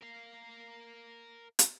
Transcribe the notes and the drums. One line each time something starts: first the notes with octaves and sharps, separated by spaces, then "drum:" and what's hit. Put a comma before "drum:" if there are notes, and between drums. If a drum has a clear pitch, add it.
A#4 F5
drum: hi-hat